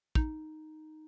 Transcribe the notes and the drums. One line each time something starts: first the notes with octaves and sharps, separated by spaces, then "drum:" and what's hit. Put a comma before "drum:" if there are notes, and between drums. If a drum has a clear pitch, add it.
D#4, drum: kick